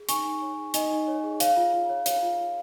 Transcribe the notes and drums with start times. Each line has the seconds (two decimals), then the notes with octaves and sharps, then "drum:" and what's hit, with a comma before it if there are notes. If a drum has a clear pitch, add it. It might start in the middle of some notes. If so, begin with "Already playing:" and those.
Already playing: G#4
0.09 D#4 G#5 C#6, drum: hi-hat
0.25 D#4
0.42 C#5
0.58 G#4
0.74 D#4 D#5 G#5, drum: hi-hat
0.91 D#4
1.07 C#5
1.24 G#4
1.40 C#5 F5, drum: hi-hat
1.56 F4
1.73 F4
1.89 C#5
2.06 C#5 F5, drum: hi-hat
2.22 F4
2.39 F4